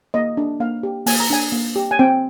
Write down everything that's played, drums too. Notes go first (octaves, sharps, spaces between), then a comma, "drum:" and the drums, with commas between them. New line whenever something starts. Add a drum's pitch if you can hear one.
A#3 D#5
D4
A#3 F5
G4
A#3 G#5, drum: open hi-hat
A#5
D4 G#5
A#3
G4
G#5
C4 G5